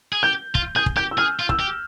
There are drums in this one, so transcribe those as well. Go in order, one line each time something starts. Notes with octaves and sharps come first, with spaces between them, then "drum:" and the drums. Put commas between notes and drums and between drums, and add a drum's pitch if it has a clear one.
G#4
G4 G6
F4, drum: kick
G#4 G6
drum: kick
G4 G6
E6
G#4 F6
F4
E6, drum: kick
G4